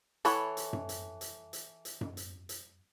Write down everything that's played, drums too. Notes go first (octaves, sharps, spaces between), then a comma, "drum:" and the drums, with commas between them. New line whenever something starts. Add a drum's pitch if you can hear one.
E3 E4 A4 C#5 F#5, drum: hi-hat
drum: hi-hat
drum: tom F#2
drum: hi-hat
drum: hi-hat
drum: hi-hat
drum: hi-hat
drum: tom F#2
drum: hi-hat
drum: hi-hat